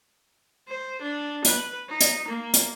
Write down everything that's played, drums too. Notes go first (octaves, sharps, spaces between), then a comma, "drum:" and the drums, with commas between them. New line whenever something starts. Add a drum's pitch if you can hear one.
C5
D4
B4, drum: hi-hat
D#4
drum: hi-hat
A#3
drum: hi-hat